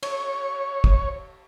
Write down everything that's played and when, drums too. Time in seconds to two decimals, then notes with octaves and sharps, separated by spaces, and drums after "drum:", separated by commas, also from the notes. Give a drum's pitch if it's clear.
0.03 C#5, drum: cymbal
0.84 drum: kick